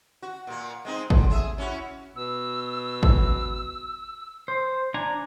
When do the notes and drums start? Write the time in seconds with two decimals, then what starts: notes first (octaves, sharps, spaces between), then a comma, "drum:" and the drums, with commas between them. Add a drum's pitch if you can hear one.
0.22 F#4
0.47 A#2 A#3
0.85 G#3 C4 D#4
1.10 D3, drum: kick
1.30 G#4 E5
1.58 C#4 E4 F#4
2.16 B2 E6
3.03 drum: kick
4.48 C5
4.94 D4 G#5 A#5